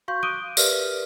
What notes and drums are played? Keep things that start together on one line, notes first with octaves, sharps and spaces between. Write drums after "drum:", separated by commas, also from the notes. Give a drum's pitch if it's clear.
F#4 F5 C6 C#6 G6
D6 D#6 F#6 D7 D#7 G7
G4 A#4 B4 D5 E5 F6, drum: tambourine